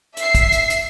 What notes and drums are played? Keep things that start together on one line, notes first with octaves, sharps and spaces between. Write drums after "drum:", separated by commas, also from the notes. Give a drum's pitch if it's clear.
E5 C7, drum: hi-hat
drum: kick, hi-hat
drum: hi-hat
drum: hi-hat